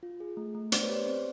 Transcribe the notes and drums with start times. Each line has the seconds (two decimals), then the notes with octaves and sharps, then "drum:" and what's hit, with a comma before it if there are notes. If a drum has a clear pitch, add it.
0.03 F4
0.20 G#4
0.37 A3
0.55 A3
0.72 B3 C5 D5, drum: hi-hat
0.84 B4 C#5
0.89 G4
0.95 C5 D5
1.07 C4